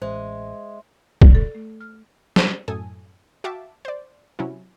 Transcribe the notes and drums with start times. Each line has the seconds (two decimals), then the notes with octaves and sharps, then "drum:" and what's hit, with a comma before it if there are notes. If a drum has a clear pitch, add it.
0.02 A1 G#3 C5 E5 C6
1.22 D5, drum: kick
1.35 A4
1.55 A3
1.81 F6
2.36 drum: snare
2.68 F#2 A2 A4 G#5 D#6
3.44 F#4 E5 F5 G5 A5 D6
3.85 C5 D5
4.39 C3 F#3 C#4 E4